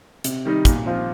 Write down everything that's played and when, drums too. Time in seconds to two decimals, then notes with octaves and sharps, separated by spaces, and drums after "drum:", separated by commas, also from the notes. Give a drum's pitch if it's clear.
0.24 C3, drum: hi-hat
0.45 D#3 G3 D#4
0.65 A#2, drum: kick, hi-hat
0.86 F3 C4 F4